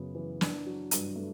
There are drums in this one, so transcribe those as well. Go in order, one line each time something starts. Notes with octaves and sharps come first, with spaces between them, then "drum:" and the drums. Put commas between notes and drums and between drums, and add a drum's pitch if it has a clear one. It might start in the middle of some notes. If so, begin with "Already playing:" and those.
Already playing: F#2 C#3 B3
E3
D4, drum: snare
F#3
G2, drum: hi-hat
A3